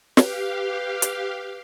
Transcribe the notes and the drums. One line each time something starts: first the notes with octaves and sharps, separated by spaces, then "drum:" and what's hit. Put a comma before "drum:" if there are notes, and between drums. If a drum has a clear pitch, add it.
G4 B4 F5, drum: snare
drum: hi-hat